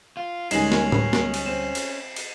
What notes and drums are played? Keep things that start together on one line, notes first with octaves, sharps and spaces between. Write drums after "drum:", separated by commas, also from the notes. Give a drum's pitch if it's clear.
F4
D2 G3 G#3 C#4 D#4 C7 E7 F#7, drum: cymbal
drum: snare
drum: tom A2
drum: snare
drum: cymbal
C4 E7
drum: cymbal
drum: cymbal